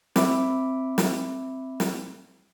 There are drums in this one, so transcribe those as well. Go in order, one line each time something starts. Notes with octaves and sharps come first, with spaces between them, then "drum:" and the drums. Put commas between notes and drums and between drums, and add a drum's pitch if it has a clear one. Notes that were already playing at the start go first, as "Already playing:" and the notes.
C4 E5 B5 D6, drum: snare
drum: snare
drum: snare